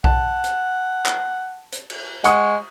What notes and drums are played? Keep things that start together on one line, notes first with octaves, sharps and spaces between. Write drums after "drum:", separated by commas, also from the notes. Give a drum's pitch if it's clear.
F#5 A5, drum: kick B1
drum: hi-hat
drum: clap
drum: hi-hat
drum: cymbal
G#3 F#5 C#6 D#6, drum: hi-hat